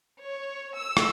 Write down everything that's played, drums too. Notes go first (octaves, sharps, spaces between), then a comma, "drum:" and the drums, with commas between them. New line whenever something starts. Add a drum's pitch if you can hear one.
C#5
E6
drum: rim click